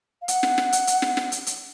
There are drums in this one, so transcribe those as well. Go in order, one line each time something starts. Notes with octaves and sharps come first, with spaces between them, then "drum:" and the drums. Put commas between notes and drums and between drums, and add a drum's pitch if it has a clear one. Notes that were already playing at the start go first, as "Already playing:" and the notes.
F5
F#5, drum: hi-hat
drum: snare
drum: snare
drum: hi-hat
drum: hi-hat
drum: snare
drum: snare
drum: hi-hat
drum: hi-hat